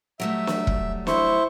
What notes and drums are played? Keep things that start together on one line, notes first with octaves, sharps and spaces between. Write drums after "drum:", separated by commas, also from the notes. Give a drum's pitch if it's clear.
F#3 G3 A3 E5
drum: snare
drum: kick E1
E4 C5 C#6, drum: snare